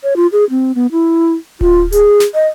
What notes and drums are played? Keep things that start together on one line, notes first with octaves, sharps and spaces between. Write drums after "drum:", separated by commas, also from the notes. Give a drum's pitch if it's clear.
C#5
F4
G#4
C4
B3
E4
F4, drum: kick D1
G#4, drum: hi-hat
drum: snare
D#5